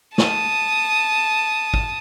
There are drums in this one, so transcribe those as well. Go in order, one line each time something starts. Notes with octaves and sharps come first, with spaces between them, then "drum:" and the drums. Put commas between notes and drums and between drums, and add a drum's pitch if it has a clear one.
A5 D#6, drum: snare
drum: kick